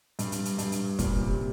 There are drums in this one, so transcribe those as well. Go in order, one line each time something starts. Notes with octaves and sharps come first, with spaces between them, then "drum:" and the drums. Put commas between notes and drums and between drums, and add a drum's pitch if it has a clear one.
G2, drum: hi-hat
drum: hi-hat
drum: hi-hat
G2, drum: hi-hat
drum: hi-hat
A#2, drum: kick, hi-hat
C3